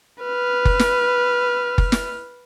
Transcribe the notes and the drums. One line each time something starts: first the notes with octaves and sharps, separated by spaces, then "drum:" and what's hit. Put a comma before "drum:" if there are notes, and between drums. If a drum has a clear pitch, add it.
B4 F6
drum: kick F#1
drum: snare
drum: kick F#1
drum: snare